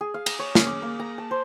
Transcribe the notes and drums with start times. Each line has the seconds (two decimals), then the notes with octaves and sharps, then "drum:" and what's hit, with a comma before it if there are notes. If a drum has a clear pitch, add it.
0.01 G#4
0.14 F5
0.26 A#5, drum: cymbal
0.39 C#5
0.55 C#4, drum: snare
0.67 D6
0.82 A#3
0.99 A#5
1.18 A5
1.31 C5